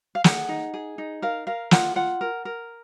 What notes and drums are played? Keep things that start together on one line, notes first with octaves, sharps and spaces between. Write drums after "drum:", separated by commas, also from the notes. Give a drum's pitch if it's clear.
F5
G#4 F#5, drum: snare
D#4
G#4
D#4
A#4 F5
A#4 F5
F4 F#5, drum: snare
F4 F#5
A#4
A#4